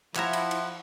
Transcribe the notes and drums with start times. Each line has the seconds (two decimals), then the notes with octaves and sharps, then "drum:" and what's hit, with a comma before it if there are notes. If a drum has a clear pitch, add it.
0.16 F3 E4 C#5 E5 F#5 A#5, drum: clap
0.33 drum: cymbal
0.51 drum: cymbal